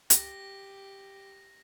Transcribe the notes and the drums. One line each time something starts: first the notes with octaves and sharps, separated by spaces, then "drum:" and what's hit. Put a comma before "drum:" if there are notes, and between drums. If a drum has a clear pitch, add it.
G4 A#6, drum: hi-hat